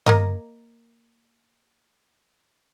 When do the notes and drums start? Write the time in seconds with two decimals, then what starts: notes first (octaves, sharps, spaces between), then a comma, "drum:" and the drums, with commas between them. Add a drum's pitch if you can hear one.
0.06 A#3 A#4 D#5, drum: tom G2